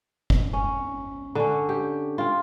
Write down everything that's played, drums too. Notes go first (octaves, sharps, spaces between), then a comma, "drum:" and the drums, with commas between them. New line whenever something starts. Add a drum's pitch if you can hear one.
drum: kick F#1
C#4
D3 C#4
G4
C4 F4